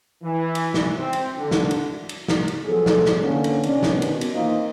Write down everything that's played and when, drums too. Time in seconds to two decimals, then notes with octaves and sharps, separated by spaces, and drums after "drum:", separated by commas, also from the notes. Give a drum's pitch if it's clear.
0.23 E3
0.55 drum: cymbal
0.74 drum: snare
0.97 C4
1.13 drum: cymbal
1.37 D3
1.51 drum: snare
1.71 drum: cymbal
2.09 drum: cymbal
2.28 drum: snare
2.48 drum: cymbal
2.65 F3 F#3 B3 G#4 A4
2.86 drum: snare
3.06 drum: snare
3.21 D3 A#3 B3 C#4
3.44 drum: cymbal
3.63 C3 D#3 C#4 D4, drum: cymbal
3.83 drum: snare
3.92 B2 D#3
4.02 drum: cymbal
4.21 drum: cymbal
4.33 D#3 E3 A#3 C4 D#4 F4